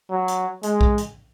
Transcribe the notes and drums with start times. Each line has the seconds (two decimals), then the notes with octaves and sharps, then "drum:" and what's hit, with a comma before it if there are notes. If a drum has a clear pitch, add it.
0.11 F#3
0.28 drum: hi-hat
0.63 G#3, drum: hi-hat
0.81 drum: kick A#1
0.98 drum: hi-hat